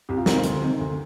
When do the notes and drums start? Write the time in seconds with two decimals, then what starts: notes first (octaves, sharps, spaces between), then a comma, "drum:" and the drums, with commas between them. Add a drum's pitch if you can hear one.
0.09 C2 G4
0.17 F4
0.26 C3 D#3 A#4, drum: snare
0.35 C5
0.44 D2, drum: hi-hat
0.61 C3 D#3
0.79 D2